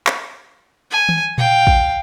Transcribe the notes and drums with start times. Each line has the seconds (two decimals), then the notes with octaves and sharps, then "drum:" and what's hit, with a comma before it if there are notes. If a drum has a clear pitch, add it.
0.07 drum: clap
0.91 G#5
1.09 drum: tom D#3
1.38 F5 G5, drum: tom A#2
1.67 drum: kick